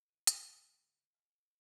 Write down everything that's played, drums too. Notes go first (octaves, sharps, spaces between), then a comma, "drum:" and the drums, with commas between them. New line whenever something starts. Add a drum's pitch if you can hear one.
G#1 E3 F#6 D#7
G5 C#6 F#6, drum: hi-hat
A#2 C#3 G#3 A#3
E5 F#5 G#5 A5 C6 F6